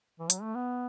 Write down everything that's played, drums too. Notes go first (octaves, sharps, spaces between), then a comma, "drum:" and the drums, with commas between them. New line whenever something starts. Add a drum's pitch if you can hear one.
E3
F#3, drum: hi-hat
A3
B3